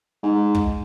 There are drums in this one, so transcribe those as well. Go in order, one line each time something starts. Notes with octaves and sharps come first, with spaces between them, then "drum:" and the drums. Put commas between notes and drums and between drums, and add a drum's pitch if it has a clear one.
G#2
drum: kick